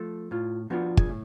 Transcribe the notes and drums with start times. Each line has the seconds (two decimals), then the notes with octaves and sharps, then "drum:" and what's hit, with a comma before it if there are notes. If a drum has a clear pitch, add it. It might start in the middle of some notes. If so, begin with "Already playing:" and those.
Already playing: F3 A3
0.31 A2 F4
0.70 F3 B3 D4 F4 F#4
0.97 G#4, drum: kick
1.09 A2